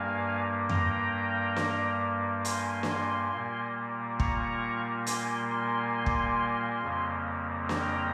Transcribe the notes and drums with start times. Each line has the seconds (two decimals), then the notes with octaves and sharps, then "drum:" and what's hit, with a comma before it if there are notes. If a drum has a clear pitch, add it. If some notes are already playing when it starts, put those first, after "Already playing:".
Already playing: G2 G3 A#3 F5 G#5
0.69 G5 A#5, drum: tom F2
1.56 drum: snare
2.45 G#5 C6, drum: hi-hat
2.83 drum: snare
3.32 A#2 G3 A#3
4.20 A#5 C#6, drum: kick
5.06 G#5 C6, drum: hi-hat
5.51 G#5 C6
6.06 drum: kick
6.82 F2 C#3 G3 A#3
7.69 G5 A#5, drum: snare